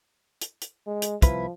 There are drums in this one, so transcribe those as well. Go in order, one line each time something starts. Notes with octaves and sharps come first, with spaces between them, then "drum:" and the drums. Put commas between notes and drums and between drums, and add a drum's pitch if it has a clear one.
drum: hi-hat
drum: hi-hat
G#3
drum: hi-hat
C2 F3 E4 B4, drum: kick, hi-hat